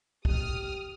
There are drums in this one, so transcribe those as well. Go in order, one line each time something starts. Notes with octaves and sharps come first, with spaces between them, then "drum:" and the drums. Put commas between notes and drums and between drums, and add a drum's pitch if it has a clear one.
G4 D#6 F6, drum: kick